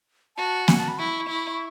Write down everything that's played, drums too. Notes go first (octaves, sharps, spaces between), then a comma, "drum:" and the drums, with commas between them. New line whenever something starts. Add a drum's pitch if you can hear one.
F#4 A5
G#5, drum: snare A#3
A5
B5
E4 C#6
E4